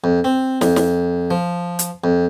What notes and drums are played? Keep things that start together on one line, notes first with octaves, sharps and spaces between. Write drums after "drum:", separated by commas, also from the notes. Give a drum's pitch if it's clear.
F2
C4
F2, drum: snare
drum: snare
F3
drum: hi-hat
F2